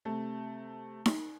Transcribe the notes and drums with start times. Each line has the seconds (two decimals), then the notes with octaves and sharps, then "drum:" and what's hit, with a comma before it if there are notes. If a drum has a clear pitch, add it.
0.05 C3 A3
1.06 drum: snare D#4